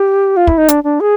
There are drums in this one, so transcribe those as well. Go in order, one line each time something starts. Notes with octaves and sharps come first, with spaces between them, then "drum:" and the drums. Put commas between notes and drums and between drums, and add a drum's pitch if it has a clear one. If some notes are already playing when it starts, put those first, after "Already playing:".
Already playing: G4
F4
E4, drum: kick
D#4
D4, drum: hi-hat
D4
G#4